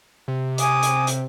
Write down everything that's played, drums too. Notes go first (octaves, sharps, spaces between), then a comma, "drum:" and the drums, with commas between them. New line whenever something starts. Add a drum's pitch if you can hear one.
C3
G#5 D6 D#6, drum: hi-hat
drum: hi-hat
drum: hi-hat